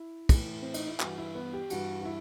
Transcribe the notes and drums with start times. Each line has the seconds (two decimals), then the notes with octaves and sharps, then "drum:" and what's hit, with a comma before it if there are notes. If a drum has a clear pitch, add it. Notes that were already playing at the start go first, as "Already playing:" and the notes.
Already playing: E4
0.29 A2 E3, drum: kick, cymbal
0.62 C4
0.74 D#4, drum: cymbal
0.87 E4
1.00 G2 E3 F#4, drum: clap
1.18 E4
1.35 B3
1.53 G4
1.70 G2 E3 F#4, drum: cymbal
2.01 F#4
2.05 E4